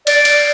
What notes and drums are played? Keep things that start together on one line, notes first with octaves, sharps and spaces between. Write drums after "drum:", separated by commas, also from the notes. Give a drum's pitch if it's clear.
D5, drum: cymbal
drum: cymbal